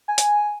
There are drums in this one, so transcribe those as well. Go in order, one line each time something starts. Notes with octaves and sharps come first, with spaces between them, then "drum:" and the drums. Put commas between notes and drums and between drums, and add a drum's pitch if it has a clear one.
G#5
drum: hi-hat